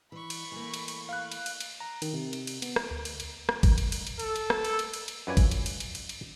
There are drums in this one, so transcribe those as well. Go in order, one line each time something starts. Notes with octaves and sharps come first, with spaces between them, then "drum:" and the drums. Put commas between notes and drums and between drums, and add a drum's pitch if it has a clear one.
E3 B5 C#6
drum: cymbal
E3 A3 A#3
drum: cymbal
drum: cymbal
F5 F#6
drum: cymbal
drum: cymbal
drum: cymbal
A#5
D#3, drum: cymbal
C3
drum: cymbal
drum: cymbal
B3, drum: cymbal
drum: rim click
D2
drum: cymbal
drum: cymbal
drum: rim click
drum: kick G1, cymbal
drum: cymbal
drum: cymbal
drum: cymbal
A4, drum: cymbal
drum: cymbal
drum: rim click
drum: cymbal
drum: cymbal
drum: cymbal
drum: cymbal
F#2 F4 B4 C#5 D5 G#5
drum: kick G1, cymbal
drum: cymbal
drum: cymbal
drum: cymbal
drum: cymbal
drum: cymbal